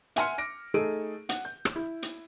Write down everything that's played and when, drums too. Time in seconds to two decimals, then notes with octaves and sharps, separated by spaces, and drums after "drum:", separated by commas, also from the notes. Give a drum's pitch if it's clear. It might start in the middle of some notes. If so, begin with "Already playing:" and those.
0.16 E5 F#5 G#5 C6 F6 C#7, drum: hi-hat
0.38 D6 A#6 D7
0.74 A3 D#4 G#4 A4 D7 D#7
1.29 F#5, drum: hi-hat
1.45 G6
1.65 drum: rim click
1.76 E4
2.02 drum: hi-hat